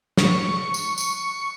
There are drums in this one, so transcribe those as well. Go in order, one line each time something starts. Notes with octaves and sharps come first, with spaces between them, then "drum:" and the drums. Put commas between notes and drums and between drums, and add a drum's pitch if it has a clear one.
C#6, drum: snare
drum: tambourine
drum: tambourine